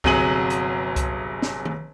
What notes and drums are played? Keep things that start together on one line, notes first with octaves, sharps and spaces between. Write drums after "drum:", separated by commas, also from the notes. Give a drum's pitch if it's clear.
G1 C3 F#3 G#4 D#7 F#7, drum: kick C2
drum: hi-hat
drum: kick C2, hi-hat
drum: snare
drum: tom D#3